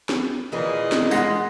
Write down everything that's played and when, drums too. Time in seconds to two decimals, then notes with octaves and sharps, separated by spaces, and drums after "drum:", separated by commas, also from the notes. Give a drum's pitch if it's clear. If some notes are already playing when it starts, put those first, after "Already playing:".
0.09 drum: snare B3
0.52 D#2 A#2 E3 G#4 D#5
0.92 drum: snare B3
1.11 G#3 F#5 A#6, drum: tambourine